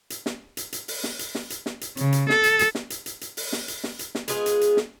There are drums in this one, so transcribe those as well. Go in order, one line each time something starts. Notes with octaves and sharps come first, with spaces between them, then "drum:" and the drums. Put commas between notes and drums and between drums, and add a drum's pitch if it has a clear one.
drum: hi-hat
drum: snare
drum: hi-hat
drum: hi-hat
drum: open hi-hat
drum: snare
drum: hi-hat
drum: snare
drum: hi-hat
drum: snare
drum: hi-hat
C#3, drum: hi-hat
drum: hi-hat
A4, drum: snare
drum: hi-hat
drum: hi-hat
drum: snare
drum: hi-hat
drum: hi-hat
drum: hi-hat
drum: open hi-hat
drum: snare
drum: hi-hat
drum: snare
drum: hi-hat
drum: snare
G#3 B3 F4 G#4, drum: hi-hat
drum: hi-hat
drum: hi-hat
drum: snare